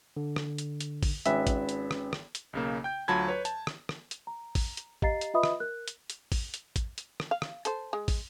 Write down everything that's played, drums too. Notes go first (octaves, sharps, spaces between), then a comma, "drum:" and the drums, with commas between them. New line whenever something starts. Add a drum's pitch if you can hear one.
D3
drum: rim click
drum: hi-hat
drum: hi-hat
drum: kick, open hi-hat
G#1 C#4 B4 E5, drum: hi-hat
drum: kick, hi-hat
drum: hi-hat
drum: rim click
drum: rim click
drum: hi-hat
B1 C#3 A#3
G5 G6
D2 F#3 F4 A5 B5 G#6
B4 C#5
A5, drum: hi-hat
drum: rim click
drum: rim click
drum: hi-hat
A#5
drum: kick, open hi-hat
drum: hi-hat
G4 D#5 F5 A#5 A6 C7, drum: kick
drum: hi-hat
F4 B4 D#5 E5 B5 D#6
drum: rim click
A#4 F#6
drum: hi-hat
drum: hi-hat
drum: kick, open hi-hat
drum: hi-hat
drum: kick, hi-hat
drum: hi-hat
drum: rim click
F5
drum: rim click
A4 C5, drum: hi-hat
G#3
drum: kick, open hi-hat